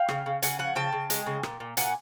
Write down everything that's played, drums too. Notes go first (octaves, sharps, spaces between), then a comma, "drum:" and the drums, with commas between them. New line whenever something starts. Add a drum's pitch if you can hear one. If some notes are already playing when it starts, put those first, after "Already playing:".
Already playing: F5 G5
C#3, drum: rim click
C#3
C#3 F#5 G#5, drum: hi-hat
F3 F#5 G#5
C#3 G5 A5
C#3
G#3, drum: hi-hat
C#3
A#2, drum: rim click
A#2
A#2 F#5 G#5, drum: hi-hat